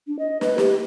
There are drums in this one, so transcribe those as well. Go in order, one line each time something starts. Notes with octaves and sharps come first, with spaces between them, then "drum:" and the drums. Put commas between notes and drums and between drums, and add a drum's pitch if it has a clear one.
D4
D#5
B4, drum: snare
G4, drum: snare